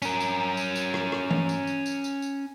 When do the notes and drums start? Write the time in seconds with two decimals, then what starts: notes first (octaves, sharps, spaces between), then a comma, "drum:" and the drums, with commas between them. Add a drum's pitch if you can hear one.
0.02 C#4 A#4, drum: tambourine
0.20 drum: tambourine
0.57 drum: tambourine
0.76 drum: tambourine
0.94 drum: rim click
1.12 drum: rim click
1.31 drum: tom E3
1.49 drum: tambourine
1.67 drum: tambourine
1.86 drum: tambourine
2.04 drum: tambourine
2.22 drum: tambourine